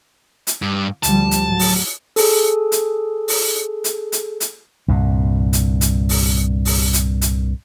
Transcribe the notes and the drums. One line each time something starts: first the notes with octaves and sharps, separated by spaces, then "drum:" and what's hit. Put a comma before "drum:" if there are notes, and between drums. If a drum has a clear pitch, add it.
drum: hi-hat
G2
D2 F3 G3 A5, drum: hi-hat
drum: hi-hat
A2 F#3
drum: open hi-hat
G#4 A4, drum: open hi-hat
drum: hi-hat
drum: open hi-hat
drum: hi-hat
drum: hi-hat
drum: hi-hat
C2 G2 A#2
drum: hi-hat
drum: hi-hat
drum: open hi-hat
drum: open hi-hat
drum: hi-hat
drum: hi-hat